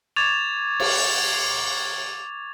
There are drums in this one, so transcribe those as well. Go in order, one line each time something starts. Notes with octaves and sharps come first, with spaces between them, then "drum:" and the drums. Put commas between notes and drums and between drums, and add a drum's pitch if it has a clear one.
C#6 D6 G#6 A6 E7 F7
drum: cymbal